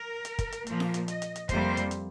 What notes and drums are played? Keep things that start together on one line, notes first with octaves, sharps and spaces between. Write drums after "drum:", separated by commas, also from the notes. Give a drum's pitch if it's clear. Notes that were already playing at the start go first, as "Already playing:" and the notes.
Already playing: A#4
drum: hi-hat
drum: kick, hi-hat
drum: hi-hat
A#2 F3 A#3, drum: hi-hat
drum: snare F4
drum: hi-hat
D#5, drum: hi-hat
drum: hi-hat
drum: hi-hat
F2 C3 G3 A#3 C5, drum: kick, hi-hat
drum: hi-hat
drum: hi-hat